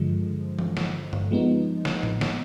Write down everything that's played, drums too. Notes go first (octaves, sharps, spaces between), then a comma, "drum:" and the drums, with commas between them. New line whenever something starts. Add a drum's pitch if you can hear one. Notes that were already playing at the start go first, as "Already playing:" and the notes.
Already playing: G2 D3 F3 G#3
drum: tom E3
drum: snare
drum: tom G2
F3 G#3 B3 D#4
drum: snare
drum: tom A2
drum: snare